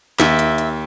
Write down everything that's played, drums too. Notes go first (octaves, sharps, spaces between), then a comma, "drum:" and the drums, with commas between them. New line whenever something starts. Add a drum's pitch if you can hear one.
D#2 E5, drum: snare
drum: hi-hat
drum: hi-hat